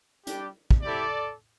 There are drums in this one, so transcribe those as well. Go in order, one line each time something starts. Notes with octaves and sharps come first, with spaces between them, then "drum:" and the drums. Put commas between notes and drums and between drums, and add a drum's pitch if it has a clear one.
G3 D4 G4, drum: hi-hat
drum: kick
C4 E4 G4 A4 D5